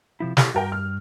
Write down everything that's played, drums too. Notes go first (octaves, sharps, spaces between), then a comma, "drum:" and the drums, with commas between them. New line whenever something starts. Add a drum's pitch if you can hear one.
C3 F3 E4
E4 G4 A4, drum: snare
G2 F#4 A#4 G5
F6